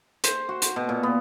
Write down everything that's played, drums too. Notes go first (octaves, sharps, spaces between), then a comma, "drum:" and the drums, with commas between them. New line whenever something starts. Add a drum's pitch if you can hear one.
C5, drum: hi-hat
F#4
C5, drum: hi-hat
B2
A#2
B3